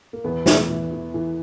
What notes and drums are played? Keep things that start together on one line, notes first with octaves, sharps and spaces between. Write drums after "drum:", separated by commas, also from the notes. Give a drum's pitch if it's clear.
A#3
E2 B3
E3, drum: snare
E3
E3
E3